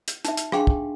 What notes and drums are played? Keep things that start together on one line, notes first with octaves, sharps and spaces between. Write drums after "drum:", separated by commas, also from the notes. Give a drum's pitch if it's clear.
drum: hi-hat
D#4 E5, drum: hi-hat
drum: hi-hat
D4 G4 G#4 F5 G5 C6, drum: rim click
drum: kick